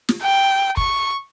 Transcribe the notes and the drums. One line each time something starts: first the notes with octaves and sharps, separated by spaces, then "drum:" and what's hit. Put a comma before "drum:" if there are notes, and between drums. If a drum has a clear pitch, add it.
drum: snare
G5
C#6, drum: kick